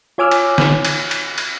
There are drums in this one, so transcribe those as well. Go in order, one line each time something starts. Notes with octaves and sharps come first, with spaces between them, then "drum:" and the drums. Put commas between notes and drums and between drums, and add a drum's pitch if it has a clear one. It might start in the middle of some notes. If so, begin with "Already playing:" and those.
F4 C#5 G#5 D6 E6 F6
drum: cymbal
drum: snare
drum: cymbal
drum: cymbal
drum: cymbal